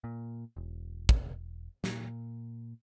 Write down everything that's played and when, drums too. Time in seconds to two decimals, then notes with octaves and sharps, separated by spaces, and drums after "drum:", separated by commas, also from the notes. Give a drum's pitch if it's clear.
0.04 A#2
0.57 E1
1.09 drum: kick
1.84 A#2, drum: snare